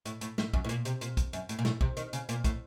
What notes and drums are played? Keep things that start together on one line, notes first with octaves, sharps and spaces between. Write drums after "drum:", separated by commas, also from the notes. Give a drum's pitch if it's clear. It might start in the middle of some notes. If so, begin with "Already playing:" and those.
A2, drum: hi-hat
A2, drum: hi-hat
A2, drum: snare
F#2, drum: kick
A2
A#2, drum: hi-hat
C3, drum: hi-hat
A#2, drum: hi-hat
drum: kick, hi-hat
F#2, drum: hi-hat
A2, drum: hi-hat
A#2
A2, drum: snare
C3, drum: kick
D#3, drum: hi-hat
C#3, drum: hi-hat
A#2, drum: hi-hat
A2, drum: kick, hi-hat